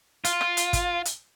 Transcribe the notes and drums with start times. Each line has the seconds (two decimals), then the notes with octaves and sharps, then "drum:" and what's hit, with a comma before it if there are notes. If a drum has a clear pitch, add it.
0.25 F4, drum: hi-hat
0.41 drum: rim click
0.57 drum: hi-hat
0.73 drum: kick, hi-hat
1.05 drum: hi-hat